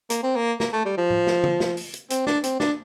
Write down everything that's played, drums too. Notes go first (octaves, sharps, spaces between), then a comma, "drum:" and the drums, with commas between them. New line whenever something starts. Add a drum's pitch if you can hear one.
A#3, drum: hi-hat
C4
A#3
A#3, drum: snare
A3
G3
F3
drum: tom A2
drum: snare
drum: tom
drum: snare
drum: open hi-hat
drum: hi-hat
C4, drum: hi-hat
D4, drum: snare
C4, drum: hi-hat
D4, drum: snare